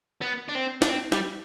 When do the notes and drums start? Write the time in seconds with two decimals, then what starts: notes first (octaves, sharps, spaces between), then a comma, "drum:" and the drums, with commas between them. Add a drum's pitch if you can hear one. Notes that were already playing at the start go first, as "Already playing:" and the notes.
0.22 B3
0.49 D4
0.55 C4
0.82 D4, drum: snare
0.89 C4
1.12 G3, drum: snare